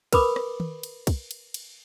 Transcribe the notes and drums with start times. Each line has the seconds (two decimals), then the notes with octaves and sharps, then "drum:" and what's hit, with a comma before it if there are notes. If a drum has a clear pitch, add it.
0.13 A#4 B4 B5 D6 D#6, drum: kick, cymbal
0.36 drum: rim click
0.60 drum: tom
0.83 drum: cymbal
1.07 drum: kick, cymbal
1.31 drum: cymbal
1.54 drum: cymbal